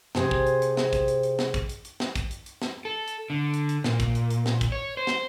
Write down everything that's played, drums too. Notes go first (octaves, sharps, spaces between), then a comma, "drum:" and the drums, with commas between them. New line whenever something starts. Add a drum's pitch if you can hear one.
C3 G#4 C5, drum: snare
drum: kick
drum: hi-hat
drum: hi-hat
drum: snare
drum: kick, hi-hat
drum: hi-hat
drum: hi-hat
drum: snare
drum: kick, hi-hat
drum: hi-hat
drum: hi-hat
drum: snare
drum: kick, hi-hat
drum: hi-hat
drum: hi-hat
drum: snare
A4
drum: hi-hat
D3
drum: hi-hat
drum: hi-hat
A#2, drum: snare
drum: kick, hi-hat
drum: hi-hat
drum: hi-hat
drum: snare
drum: kick, hi-hat
C#5
C5
drum: snare